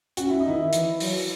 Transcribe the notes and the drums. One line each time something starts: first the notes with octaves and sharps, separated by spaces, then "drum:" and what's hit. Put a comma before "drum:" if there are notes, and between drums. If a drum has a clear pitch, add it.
C#4 F#4, drum: hi-hat
E4
D#4
D#3 E4
E3, drum: hi-hat
F#3, drum: open hi-hat